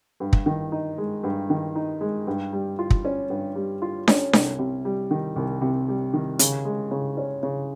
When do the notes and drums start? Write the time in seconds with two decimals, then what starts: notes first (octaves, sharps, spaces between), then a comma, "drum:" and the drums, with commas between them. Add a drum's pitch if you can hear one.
0.20 G2
0.33 drum: kick
0.46 D#3
0.72 D#4
0.98 G#3
1.24 G2
1.50 D#3
1.76 D#4
2.01 G#3
2.27 G2
2.53 G3
2.79 F4
2.90 drum: kick
3.05 C#4
3.30 G2
3.56 G3
3.82 F4
4.08 C#4, drum: snare D4
4.33 C2, drum: snare D4
4.59 C3
4.85 G3
5.11 D#3
5.36 C2
5.61 C3
5.88 G3
6.14 D#3
6.39 C#3, drum: hi-hat
6.65 G#3
6.91 C#3
7.17 C#4
7.43 C#3